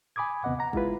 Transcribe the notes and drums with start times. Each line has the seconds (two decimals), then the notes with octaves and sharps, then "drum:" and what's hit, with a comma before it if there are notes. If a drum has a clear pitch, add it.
0.16 G#5 B5 D6 D#6 G#6
0.44 D#2 C3 B3 D#5 F#5
0.59 F#5 A#5
0.73 G#3 E4 F4 B4, drum: kick